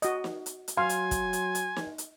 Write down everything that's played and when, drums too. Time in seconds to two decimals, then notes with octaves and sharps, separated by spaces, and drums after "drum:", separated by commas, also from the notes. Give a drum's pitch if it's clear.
0.02 F#4 D#5, drum: hi-hat
0.24 drum: snare
0.46 drum: hi-hat
0.68 drum: hi-hat
0.77 F#3 F5 G#5 C6
0.89 drum: hi-hat
1.11 drum: kick, hi-hat
1.33 drum: hi-hat
1.55 drum: hi-hat
1.76 drum: snare
1.98 drum: hi-hat